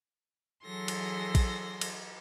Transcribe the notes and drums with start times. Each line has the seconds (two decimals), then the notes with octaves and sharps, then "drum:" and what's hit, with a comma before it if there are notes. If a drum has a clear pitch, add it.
0.65 E3 F#3 G#4 A4 C6 A#6
0.88 drum: cymbal
1.35 drum: kick, cymbal
1.81 drum: cymbal